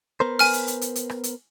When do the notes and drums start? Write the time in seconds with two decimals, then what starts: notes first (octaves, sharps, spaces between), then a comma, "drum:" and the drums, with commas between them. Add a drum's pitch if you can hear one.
0.20 B3 A#4 C5
0.39 G#5 F6, drum: open hi-hat
0.53 drum: hi-hat
0.67 drum: hi-hat
0.81 drum: hi-hat
0.95 drum: hi-hat
1.10 drum: rim click
1.24 drum: hi-hat